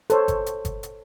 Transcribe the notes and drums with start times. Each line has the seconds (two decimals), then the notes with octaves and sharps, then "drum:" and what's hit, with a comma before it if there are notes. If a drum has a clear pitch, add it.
0.10 A4 C5 C#5, drum: hi-hat
0.28 drum: kick G1, hi-hat
0.46 drum: hi-hat
0.65 drum: kick G1, hi-hat
0.83 drum: hi-hat